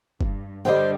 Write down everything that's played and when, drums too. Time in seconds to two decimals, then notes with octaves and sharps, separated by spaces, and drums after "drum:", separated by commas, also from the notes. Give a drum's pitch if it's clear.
0.21 G2, drum: kick
0.65 D3 G3 C5 D#5 F5 G5